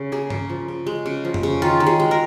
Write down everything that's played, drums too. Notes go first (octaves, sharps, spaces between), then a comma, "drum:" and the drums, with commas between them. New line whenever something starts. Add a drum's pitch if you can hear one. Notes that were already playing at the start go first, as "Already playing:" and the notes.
Already playing: C#3
A#3 G#4
C#3, drum: tom G2
F3
C#3
G#3
C#3
F3
drum: tom F2
C#3
D#3 F4
D#3
G#4
G#3
A#4